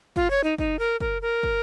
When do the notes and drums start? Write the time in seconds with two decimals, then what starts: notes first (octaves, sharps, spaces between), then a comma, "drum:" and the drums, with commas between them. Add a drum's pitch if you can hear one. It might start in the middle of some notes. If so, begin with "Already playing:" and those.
0.16 F4, drum: kick
0.30 C#5
0.44 D#4
0.58 D#4, drum: kick
0.79 A#4
1.00 A#4, drum: kick
1.22 A#4
1.43 drum: kick